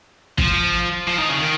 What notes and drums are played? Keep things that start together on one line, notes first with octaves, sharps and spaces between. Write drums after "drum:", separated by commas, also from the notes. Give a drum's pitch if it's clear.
F3, drum: kick
F3
D#3
C#3
D#3